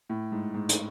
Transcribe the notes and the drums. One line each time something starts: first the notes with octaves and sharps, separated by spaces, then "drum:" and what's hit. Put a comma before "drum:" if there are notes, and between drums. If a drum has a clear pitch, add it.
A2
G#2
G#2
drum: hi-hat